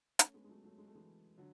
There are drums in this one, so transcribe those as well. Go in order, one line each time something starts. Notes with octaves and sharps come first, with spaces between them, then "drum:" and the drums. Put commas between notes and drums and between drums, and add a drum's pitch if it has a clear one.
A3 C#4, drum: hi-hat
G#3 B3
G#3
F#3 A3
F#3 A3
G#3
A3
E3 G#3
D3 F#3